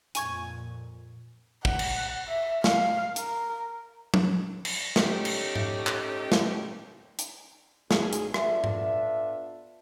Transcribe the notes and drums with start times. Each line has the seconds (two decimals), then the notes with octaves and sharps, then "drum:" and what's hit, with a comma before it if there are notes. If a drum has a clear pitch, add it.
0.15 F2 A#2 G#5 C#6 G#6, drum: hi-hat
1.65 F#5, drum: kick
1.79 drum: cymbal
2.28 E5
2.64 F5, drum: snare
3.16 A#4, drum: hi-hat
4.14 drum: tom
4.65 drum: cymbal
4.96 A3 C#4 D#4 G4, drum: snare
5.25 drum: cymbal
5.55 drum: tom G#2
5.87 drum: clap
6.32 drum: snare
7.19 drum: hi-hat
7.91 B1 G#4, drum: snare
8.13 drum: hi-hat
8.34 B3 D4 F4 A4 E5, drum: rim click
8.64 drum: tom G#2